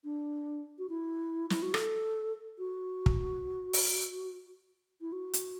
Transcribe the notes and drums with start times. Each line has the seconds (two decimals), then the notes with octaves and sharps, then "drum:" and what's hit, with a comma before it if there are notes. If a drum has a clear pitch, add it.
0.04 D4
0.79 F#4
0.89 E4
1.50 E4, drum: snare
1.62 F#4
1.74 A4, drum: rim click
2.58 F#4
3.06 drum: kick
3.73 drum: open hi-hat
5.01 E4
5.12 F#4
5.33 drum: hi-hat